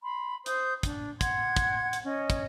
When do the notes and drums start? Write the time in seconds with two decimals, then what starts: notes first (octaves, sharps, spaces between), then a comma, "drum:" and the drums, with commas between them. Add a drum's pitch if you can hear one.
0.04 B5 C6
0.46 C5 D#6 G6, drum: hi-hat
0.83 D4, drum: kick, hi-hat
1.21 F#5 C6 G#6, drum: kick, hi-hat
1.56 drum: kick, hi-hat
1.93 drum: hi-hat
2.04 C#4 C#5 D#5
2.30 drum: kick, hi-hat